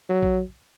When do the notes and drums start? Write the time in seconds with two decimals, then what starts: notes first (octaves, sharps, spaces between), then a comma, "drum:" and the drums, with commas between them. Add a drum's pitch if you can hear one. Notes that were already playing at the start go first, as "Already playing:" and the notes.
0.09 F#3
0.23 drum: kick A#1